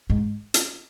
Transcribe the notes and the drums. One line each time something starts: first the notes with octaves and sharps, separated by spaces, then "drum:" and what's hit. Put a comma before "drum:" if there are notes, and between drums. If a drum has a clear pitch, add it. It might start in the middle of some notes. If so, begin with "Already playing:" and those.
G#2
drum: hi-hat